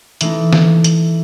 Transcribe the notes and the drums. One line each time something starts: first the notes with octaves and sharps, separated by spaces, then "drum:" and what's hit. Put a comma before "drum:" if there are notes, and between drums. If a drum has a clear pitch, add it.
E3 A3 D#4 E4, drum: hi-hat
drum: snare
drum: hi-hat